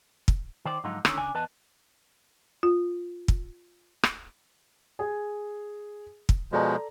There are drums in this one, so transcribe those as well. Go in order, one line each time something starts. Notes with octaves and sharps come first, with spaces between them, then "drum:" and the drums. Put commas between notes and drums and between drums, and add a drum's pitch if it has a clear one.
drum: kick
D#3 C5 D5
G#2 D3 F3 F#3 D#4 F4
D3 D#3 C#4, drum: rim click
C#3 D4 D5 G#5
E2 B4 D5 D#5 A5
F4
drum: kick
drum: rim click
G#4 G#5
drum: kick
B2 F3 G#3 A4 D5 A#5